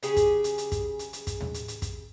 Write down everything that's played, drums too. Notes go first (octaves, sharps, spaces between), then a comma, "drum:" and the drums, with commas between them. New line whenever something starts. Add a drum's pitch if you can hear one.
C#3 G4 G#4, drum: hi-hat
drum: kick, hi-hat
drum: hi-hat
drum: hi-hat
drum: kick, hi-hat
drum: hi-hat
drum: hi-hat
drum: kick, hi-hat
drum: tom
drum: hi-hat
drum: hi-hat
drum: kick, hi-hat